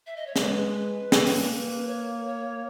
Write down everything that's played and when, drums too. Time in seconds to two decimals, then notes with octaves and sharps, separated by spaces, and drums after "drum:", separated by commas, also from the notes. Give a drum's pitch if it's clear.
0.06 E5
0.16 D#5
0.27 C#5
0.36 G#3 B4, drum: snare
1.12 A#3, drum: snare
1.27 drum: open hi-hat
1.87 C#5
2.25 C#5